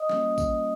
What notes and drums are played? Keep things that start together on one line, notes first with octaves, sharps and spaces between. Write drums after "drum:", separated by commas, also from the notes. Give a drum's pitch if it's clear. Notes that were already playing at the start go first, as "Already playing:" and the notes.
Already playing: D#5 D#6
G3 A#3 C#4 F4, drum: snare
drum: kick A1, tambourine